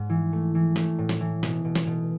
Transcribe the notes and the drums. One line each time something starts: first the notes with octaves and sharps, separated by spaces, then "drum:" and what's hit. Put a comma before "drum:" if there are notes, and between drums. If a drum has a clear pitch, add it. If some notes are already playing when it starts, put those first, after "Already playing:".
Already playing: G#2
E3
A3
E3
A3, drum: snare
A2
drum: snare
E3
B2, drum: snare
B2
drum: snare
B2